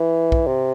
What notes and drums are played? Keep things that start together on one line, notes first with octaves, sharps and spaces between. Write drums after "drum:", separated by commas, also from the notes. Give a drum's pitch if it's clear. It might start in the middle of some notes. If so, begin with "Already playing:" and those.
Already playing: E3
drum: kick
C3